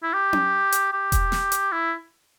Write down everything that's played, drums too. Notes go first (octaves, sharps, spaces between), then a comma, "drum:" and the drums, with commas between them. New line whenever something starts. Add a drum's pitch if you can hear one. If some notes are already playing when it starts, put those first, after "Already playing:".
E4
G4
drum: tom C#4
drum: hi-hat
G4
drum: kick E1, hi-hat
drum: snare
drum: hi-hat
E4